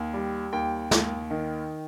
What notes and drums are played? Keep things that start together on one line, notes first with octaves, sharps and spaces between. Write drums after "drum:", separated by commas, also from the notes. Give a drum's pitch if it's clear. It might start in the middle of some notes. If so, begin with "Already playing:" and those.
Already playing: D#2
G3
D#2 G5
D#2, drum: snare
D#3